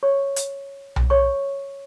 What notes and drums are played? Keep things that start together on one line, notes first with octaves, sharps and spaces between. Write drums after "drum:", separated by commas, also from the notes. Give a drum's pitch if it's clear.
C#5 C#6
drum: hi-hat
drum: tom B1
C#5 C#6